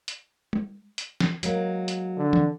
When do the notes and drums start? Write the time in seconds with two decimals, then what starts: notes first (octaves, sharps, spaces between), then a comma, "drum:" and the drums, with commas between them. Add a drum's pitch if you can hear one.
0.08 drum: hi-hat
0.53 drum: tom G#3
0.98 drum: hi-hat
1.20 drum: snare
1.43 F#3 G#3 A#3, drum: hi-hat
1.88 drum: hi-hat
2.17 D3
2.33 drum: tom